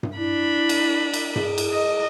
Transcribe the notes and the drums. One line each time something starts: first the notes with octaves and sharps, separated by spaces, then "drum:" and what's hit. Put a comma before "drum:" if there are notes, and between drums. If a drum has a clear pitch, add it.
drum: tom G2
D4 E4 B5
drum: cymbal
drum: cymbal
G#4, drum: tom G2
drum: cymbal
D#5